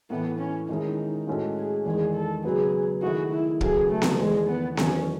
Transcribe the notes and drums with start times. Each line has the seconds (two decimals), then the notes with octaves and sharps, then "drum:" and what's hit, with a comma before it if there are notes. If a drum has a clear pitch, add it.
0.10 A2 E3 A3 B3
0.39 C#4
0.69 D#3 G#3 C#4 D#4 E4 G#4
1.27 A2 G#3 C#4 F#4 A4
1.57 G#4
1.86 E2 D#3 G#3 G#4
2.15 A4
2.44 C#3 F#3 B3 F#4 G#4
3.02 D#3 A3 E4 F#4 G#4
3.32 E4
3.61 C#3 F#3 B3 F#4 G#4 A4, drum: kick
3.90 A3
4.02 drum: snare B3
4.19 E2 D#3 G#3 A3
4.48 B3
4.77 E2 D#3 F#3 A3 C#4, drum: snare B3